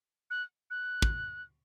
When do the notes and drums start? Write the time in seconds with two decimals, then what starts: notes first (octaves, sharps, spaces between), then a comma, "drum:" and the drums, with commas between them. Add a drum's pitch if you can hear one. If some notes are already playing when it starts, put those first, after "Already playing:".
0.31 F#6
0.71 F#6
1.02 drum: kick